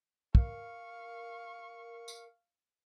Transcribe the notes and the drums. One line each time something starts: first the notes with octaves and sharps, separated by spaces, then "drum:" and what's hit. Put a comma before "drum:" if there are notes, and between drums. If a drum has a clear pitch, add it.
A#4 F5 C#6, drum: kick
drum: tambourine